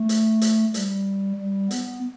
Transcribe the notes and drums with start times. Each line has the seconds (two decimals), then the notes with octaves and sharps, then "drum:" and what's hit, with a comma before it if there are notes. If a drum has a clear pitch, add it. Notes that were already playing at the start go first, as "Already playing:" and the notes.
Already playing: A3
0.09 drum: hi-hat
0.41 drum: hi-hat
0.74 G3, drum: hi-hat
1.39 G3
1.71 B3, drum: hi-hat